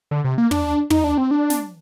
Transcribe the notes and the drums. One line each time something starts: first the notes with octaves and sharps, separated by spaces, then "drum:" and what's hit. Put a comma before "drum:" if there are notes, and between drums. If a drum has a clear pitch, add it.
D3
C3
A#3
D4, drum: tom
D#4, drum: tom
D4
C4
D4
drum: snare